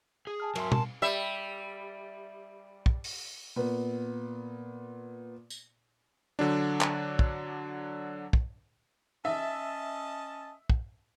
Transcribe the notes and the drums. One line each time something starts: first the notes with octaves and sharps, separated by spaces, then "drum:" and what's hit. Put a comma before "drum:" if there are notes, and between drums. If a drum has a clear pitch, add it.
G#4
G#5 A5 F6
F#3 A#4 E5 C6, drum: cymbal
A5, drum: tom
G3 E5
drum: kick
drum: open hi-hat
A#2 B3
drum: tambourine
D3 F#3 D4
drum: clap
drum: kick
drum: kick
C#4 D#5 E5 A5
drum: kick